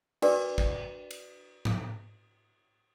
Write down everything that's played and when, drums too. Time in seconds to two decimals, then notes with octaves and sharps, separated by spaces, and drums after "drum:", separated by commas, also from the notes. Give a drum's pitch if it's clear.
0.22 D4 F#4 A#4 B4 D5 D6, drum: cymbal
0.58 drum: kick
1.11 drum: cymbal
1.65 drum: tom G#2